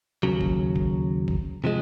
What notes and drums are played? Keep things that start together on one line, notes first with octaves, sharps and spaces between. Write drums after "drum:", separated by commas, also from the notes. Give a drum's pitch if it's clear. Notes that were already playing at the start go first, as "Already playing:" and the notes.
D#2 C#3 F#3
drum: kick G#1
drum: kick G#1
drum: kick G#1
C3 F3 G#3